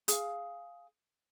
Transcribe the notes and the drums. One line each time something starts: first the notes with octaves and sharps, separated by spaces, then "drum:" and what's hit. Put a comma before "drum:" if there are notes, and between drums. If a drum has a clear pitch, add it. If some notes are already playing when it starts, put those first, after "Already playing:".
G#4 F5, drum: hi-hat